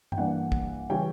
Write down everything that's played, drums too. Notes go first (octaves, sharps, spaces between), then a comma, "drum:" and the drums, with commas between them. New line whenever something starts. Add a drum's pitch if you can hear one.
G5, drum: tom G2
G2 E3 A#3 D4 F#5
drum: kick
C#3 E3 G3 C#4 G5